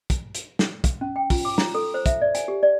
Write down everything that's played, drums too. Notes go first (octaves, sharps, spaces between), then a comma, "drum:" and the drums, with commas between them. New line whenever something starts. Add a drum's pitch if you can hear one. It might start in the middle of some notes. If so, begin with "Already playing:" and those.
drum: kick, hi-hat
drum: hi-hat
drum: snare
drum: kick, hi-hat
C#4
G5
F4, drum: kick, open hi-hat
D6
A#5, drum: snare
A4
C5
E5, drum: kick, hi-hat
D5
G#5, drum: hi-hat
G4
D5